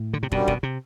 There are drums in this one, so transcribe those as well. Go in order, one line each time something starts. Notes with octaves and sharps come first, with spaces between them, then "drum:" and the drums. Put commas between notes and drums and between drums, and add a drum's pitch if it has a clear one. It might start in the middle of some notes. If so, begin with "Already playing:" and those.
Already playing: A2
D3
C3
F#2 B2 D3 G3, drum: kick
B2, drum: kick
C3